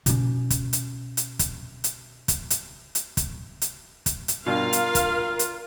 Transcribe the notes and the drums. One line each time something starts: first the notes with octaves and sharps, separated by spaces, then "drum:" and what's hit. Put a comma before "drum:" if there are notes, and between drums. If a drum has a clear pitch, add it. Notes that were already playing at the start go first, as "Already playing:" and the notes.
B2 C#4, drum: hi-hat
drum: kick, hi-hat
drum: hi-hat
drum: hi-hat
drum: kick, hi-hat
drum: hi-hat
drum: kick, hi-hat
drum: hi-hat
drum: hi-hat
drum: kick, hi-hat
drum: hi-hat
drum: kick, hi-hat
drum: hi-hat
G2 B2 F4 A#4 F5
drum: hi-hat
drum: kick, hi-hat
drum: hi-hat